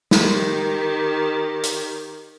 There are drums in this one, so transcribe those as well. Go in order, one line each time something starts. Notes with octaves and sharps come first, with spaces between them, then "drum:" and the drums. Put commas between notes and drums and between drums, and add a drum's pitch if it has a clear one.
D#3 G4, drum: snare
drum: hi-hat